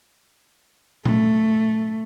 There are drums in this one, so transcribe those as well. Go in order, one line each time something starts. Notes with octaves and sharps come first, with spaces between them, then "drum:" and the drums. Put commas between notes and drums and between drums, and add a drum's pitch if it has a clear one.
A3, drum: tom A#2